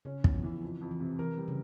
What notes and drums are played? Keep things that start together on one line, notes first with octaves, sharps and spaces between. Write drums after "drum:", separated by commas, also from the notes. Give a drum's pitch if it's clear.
C#3 C#4
E2, drum: kick
F3
E3
F2 F3
F2
E3
C3
E3 A#4
G3
C#3